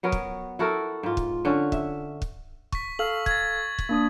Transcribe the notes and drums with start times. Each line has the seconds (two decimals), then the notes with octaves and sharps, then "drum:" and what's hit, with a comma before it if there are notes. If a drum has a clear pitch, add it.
0.03 F#3 B3 A#4 C#5
0.12 drum: kick
0.59 E4 F#4 A4 A#4
1.03 G#2 F4
1.17 drum: kick
1.45 D3 C#4
1.72 E5, drum: kick
2.22 drum: kick
2.72 C#6 B6, drum: kick
2.99 A4 F5 F6 F#7
3.26 G#6 A6, drum: kick
3.79 drum: kick
3.89 A#3 D4 D#6